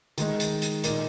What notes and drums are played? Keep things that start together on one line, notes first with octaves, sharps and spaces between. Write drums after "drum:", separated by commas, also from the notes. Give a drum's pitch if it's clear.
D#3 G#3 D#4, drum: hi-hat
drum: hi-hat
drum: hi-hat
A#2 A#3 D#4, drum: hi-hat